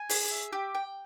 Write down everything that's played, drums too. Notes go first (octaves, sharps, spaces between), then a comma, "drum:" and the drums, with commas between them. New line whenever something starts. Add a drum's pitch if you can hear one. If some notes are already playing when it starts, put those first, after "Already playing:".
Already playing: G#5
G#4, drum: open hi-hat
E5
G4
G5